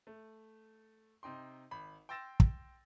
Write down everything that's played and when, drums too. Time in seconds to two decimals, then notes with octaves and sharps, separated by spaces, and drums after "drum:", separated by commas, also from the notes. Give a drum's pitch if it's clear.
0.07 A3
1.23 C3 D#4 G5 C6
1.71 G#1 B5
2.09 G5 C6 E6 A6 A#6 E7
2.40 drum: kick